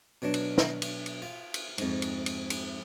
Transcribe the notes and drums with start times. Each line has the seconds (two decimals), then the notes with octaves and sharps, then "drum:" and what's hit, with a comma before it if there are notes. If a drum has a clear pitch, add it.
0.22 B2 F#3 D4
0.34 drum: cymbal
0.58 drum: snare
0.82 drum: cymbal
1.06 drum: cymbal
1.22 F4
1.54 drum: cymbal
1.78 F2 G#2, drum: cymbal
2.02 drum: cymbal
2.26 drum: cymbal
2.50 drum: cymbal